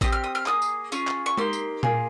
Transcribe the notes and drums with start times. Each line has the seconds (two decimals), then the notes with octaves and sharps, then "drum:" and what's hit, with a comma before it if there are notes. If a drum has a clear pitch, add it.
0.01 C4 G4 D#6, drum: kick A1, tambourine
0.12 F6
0.24 D#6
0.35 F6
0.46 A#3 F4 G#4 D#6, drum: clap
0.62 drum: tambourine
0.92 C#4 F4 G#4 C#6, drum: tambourine
1.07 drum: clap
1.26 C#6
1.38 A#3 D#4 G4 C6, drum: tom G#3
1.53 drum: tambourine
1.83 A#3 F4 G#4, drum: tom A#2